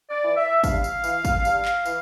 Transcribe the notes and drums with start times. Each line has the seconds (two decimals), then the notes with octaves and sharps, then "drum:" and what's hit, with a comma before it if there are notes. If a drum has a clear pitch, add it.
0.10 D5
0.23 E3
0.36 E5
0.64 G2 F5, drum: kick, tambourine
0.84 drum: tambourine
1.04 E3, drum: tambourine
1.25 drum: kick, tambourine
1.45 G2, drum: tambourine
1.65 drum: clap
1.85 E3, drum: tambourine